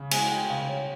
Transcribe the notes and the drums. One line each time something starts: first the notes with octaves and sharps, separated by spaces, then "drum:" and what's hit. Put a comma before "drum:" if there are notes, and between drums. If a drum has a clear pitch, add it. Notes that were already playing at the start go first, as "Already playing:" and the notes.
Already playing: C#3
G#3 G#5, drum: cymbal
G5
C#3 F5
C#5